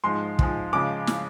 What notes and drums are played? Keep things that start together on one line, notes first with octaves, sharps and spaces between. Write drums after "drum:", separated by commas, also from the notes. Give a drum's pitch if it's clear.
G#2 F3 G#3 C6
G#2 F3 G#3, drum: kick
C#3 F3 G#3 D6
drum: snare